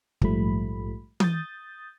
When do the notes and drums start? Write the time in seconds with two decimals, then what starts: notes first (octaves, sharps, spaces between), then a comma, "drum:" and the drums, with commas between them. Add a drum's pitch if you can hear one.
0.22 A#1 G#2 F3 G3 A3 B5, drum: kick
1.20 D#6 G6 A6, drum: tom E3